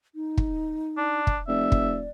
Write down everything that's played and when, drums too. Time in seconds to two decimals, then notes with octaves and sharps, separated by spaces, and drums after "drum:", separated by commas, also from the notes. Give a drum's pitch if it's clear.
0.15 D#4
0.38 drum: kick
0.97 D4
1.27 drum: kick
1.48 F1 D5 E5
1.72 drum: kick